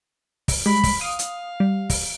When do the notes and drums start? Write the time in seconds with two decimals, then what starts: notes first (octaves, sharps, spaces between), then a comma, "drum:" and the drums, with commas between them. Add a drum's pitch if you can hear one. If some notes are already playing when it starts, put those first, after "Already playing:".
0.48 drum: kick, open hi-hat
0.66 G3 G#3 B5
0.83 drum: kick, open hi-hat
1.01 F5 D#6
1.19 drum: hi-hat
1.60 G3
1.90 drum: kick, open hi-hat